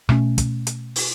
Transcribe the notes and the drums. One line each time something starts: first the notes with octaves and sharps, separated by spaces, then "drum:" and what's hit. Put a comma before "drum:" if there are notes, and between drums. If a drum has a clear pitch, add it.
B2 A3 C#4, drum: rim click
drum: kick, hi-hat
drum: hi-hat
drum: open hi-hat